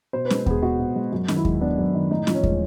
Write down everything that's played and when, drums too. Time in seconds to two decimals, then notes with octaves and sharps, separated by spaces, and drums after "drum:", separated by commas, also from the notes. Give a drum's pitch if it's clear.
0.13 B2 C5
0.25 B4
0.30 G#3, drum: snare
0.46 B3 G#4, drum: kick D#2
0.62 B2 F#4
0.79 B2
0.96 G#3
1.12 F#2 F#4
1.28 D#3, drum: snare
1.36 E4
1.45 G#3, drum: kick D#2
1.61 B3 D4
1.77 F#2
1.94 D#3
2.11 A2 D#4
2.27 F3, drum: snare
2.35 C#4
2.43 G#3, drum: kick D#2